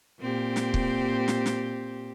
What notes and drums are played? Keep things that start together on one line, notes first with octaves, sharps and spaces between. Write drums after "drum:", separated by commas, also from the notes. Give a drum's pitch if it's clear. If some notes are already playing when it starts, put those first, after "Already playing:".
A#2 C4 G4
drum: snare
drum: kick
drum: snare
drum: snare